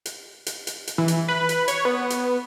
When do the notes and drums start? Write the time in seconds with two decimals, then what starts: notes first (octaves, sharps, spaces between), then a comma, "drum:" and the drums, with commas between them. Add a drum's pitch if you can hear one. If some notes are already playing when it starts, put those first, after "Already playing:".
0.05 drum: hi-hat
0.46 drum: hi-hat
0.67 drum: hi-hat
0.87 drum: hi-hat
0.98 E3
1.08 drum: hi-hat
1.28 B4
1.49 drum: hi-hat
1.68 C#5, drum: hi-hat
1.85 B3
2.10 drum: hi-hat